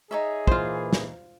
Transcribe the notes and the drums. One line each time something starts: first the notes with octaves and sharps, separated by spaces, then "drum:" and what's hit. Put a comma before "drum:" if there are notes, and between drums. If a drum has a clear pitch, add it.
D#4 G#4 C#5 E5
A#2 E3 F4 C5, drum: kick
drum: snare